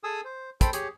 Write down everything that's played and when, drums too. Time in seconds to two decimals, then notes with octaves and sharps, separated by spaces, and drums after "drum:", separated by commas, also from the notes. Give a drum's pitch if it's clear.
0.04 G#4 A4 G#5 D#6 E6
0.25 C5
0.61 A4 C5 G5 B5, drum: kick, hi-hat
0.73 G4 G#4 C#5, drum: hi-hat